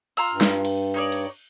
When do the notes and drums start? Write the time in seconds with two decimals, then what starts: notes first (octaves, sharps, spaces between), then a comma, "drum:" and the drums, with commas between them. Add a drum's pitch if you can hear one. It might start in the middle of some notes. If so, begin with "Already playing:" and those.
0.17 F4 A#5 E6, drum: cymbal
0.32 G2
0.41 drum: snare
0.65 drum: cymbal
0.94 D#4 C#5 D5
1.12 drum: cymbal